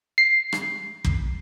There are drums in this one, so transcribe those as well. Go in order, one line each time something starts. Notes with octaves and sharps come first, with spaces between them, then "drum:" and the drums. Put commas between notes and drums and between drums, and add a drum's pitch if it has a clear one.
C7
drum: rim click
drum: kick